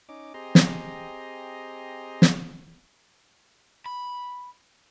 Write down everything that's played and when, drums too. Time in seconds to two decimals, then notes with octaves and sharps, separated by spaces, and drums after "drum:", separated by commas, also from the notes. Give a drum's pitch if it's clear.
0.09 C#4 D#4 D6
0.34 C4 G4 G#4 D#5 A#5 C6
0.55 drum: snare
2.22 drum: snare
3.86 B5